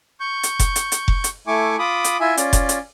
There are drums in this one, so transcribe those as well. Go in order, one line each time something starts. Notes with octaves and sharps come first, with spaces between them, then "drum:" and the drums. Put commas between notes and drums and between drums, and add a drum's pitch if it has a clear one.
C#6 G6
drum: hi-hat
drum: kick F1, hi-hat
drum: hi-hat
drum: hi-hat
drum: kick F1
drum: hi-hat
A3 E4 G#5 C#6 D6
F4 B5 D6 D#6
drum: hi-hat
E4 F4 E5 G#5
C#4 F4 D5, drum: hi-hat
drum: kick F1, hi-hat
drum: hi-hat